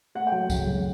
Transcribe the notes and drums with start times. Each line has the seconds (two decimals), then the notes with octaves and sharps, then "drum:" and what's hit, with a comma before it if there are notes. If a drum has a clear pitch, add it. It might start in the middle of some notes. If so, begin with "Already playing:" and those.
0.15 A3 F#5
0.27 G5
0.32 F#3
0.50 C#3, drum: kick C#2, tambourine
0.67 F#2